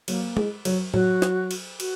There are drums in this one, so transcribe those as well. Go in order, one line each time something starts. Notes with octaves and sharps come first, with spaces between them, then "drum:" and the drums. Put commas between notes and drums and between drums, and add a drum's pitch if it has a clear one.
F#3 A#3, drum: cymbal
G#3, drum: tom
F#3, drum: cymbal
F#3 F#4, drum: tom A2
drum: snare
drum: cymbal
F#4, drum: cymbal